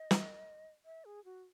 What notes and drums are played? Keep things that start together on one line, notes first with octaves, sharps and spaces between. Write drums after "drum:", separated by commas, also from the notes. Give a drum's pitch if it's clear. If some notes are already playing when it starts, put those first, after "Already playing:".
Already playing: D#5
drum: snare
E5
G#4
F#4